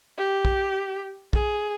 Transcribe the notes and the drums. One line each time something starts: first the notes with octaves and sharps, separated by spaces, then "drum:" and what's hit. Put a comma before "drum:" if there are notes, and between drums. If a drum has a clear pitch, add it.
G4
drum: kick A#1
G#4, drum: kick A#1